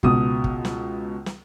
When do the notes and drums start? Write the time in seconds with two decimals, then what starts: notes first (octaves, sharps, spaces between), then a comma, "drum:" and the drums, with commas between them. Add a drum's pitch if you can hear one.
0.03 C#2 B2 D#6, drum: kick
0.44 drum: kick
0.65 drum: snare
1.26 drum: snare